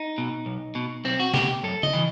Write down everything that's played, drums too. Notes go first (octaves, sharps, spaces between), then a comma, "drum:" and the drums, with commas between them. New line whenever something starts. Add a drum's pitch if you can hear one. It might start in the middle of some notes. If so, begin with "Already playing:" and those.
Already playing: D#4
B2
B1
B2
B1 C4
F#4
B2 G4, drum: snare
F#2 A4
D#5, drum: tom C#3
E3